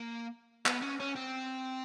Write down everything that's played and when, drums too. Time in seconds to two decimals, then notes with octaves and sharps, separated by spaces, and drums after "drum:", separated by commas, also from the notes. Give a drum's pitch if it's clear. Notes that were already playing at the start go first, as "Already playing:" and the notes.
Already playing: A#3
0.66 B3, drum: clap
0.82 C#4
1.00 C#4
1.16 C4